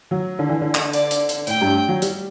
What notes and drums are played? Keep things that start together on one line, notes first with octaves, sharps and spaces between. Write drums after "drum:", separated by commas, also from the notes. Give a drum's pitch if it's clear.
F#3
D3
E3
D3
drum: clap
D5, drum: hi-hat
drum: hi-hat
drum: hi-hat
A2 G5, drum: hi-hat
G2
F#3
G3, drum: hi-hat